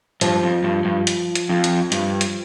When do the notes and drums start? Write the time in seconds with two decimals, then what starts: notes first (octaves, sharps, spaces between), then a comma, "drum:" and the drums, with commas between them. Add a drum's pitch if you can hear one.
0.21 G2 F3, drum: hi-hat
0.43 F2
0.64 G2
0.85 G2
1.07 drum: hi-hat
1.35 drum: hi-hat
1.49 F2
1.64 drum: hi-hat
1.92 G2, drum: hi-hat
2.21 drum: hi-hat